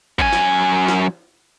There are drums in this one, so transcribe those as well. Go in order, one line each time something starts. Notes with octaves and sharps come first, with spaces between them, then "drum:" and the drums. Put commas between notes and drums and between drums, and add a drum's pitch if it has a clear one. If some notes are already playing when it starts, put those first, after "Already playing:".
F#2 G#5, drum: kick G#1
drum: snare
drum: snare